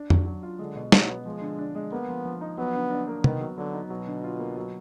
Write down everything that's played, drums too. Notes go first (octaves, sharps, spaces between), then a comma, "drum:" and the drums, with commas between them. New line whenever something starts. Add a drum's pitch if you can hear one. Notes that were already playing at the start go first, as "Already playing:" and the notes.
Already playing: D4
F#3, drum: tom F2
F#3
F4
D3 G#3
B2
B2 F#3, drum: snare
B3
F3 G#3
D3
D4
G#3
A#3 B3
F3
F3
D#4
F#3 B3
D3
D4
A#3
D#3 B3, drum: tom C3
F#3
D3 F#3
D#4
B2 F#3
D3
F4
A#3
F#3